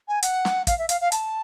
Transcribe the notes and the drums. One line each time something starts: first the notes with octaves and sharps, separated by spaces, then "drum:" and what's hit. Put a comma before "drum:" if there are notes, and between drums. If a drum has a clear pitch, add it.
G#5
F#5, drum: hi-hat
drum: snare
F5, drum: kick, hi-hat
E5
F5, drum: hi-hat
F5
A5, drum: hi-hat